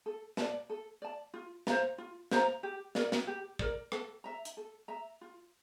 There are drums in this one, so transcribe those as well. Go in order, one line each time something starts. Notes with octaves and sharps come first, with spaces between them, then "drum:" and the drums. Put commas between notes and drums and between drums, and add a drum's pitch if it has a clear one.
A4
D5 A5, drum: snare
A4
D5 A5
F4
C5 F5 A#5, drum: snare
F4
C5 F5 A#5, drum: snare
G4
A#4 D5, drum: snare
drum: snare
G4
A#4 D5, drum: kick
A4, drum: rim click
E5 A#5
drum: hi-hat
A4
E5 A#5
F4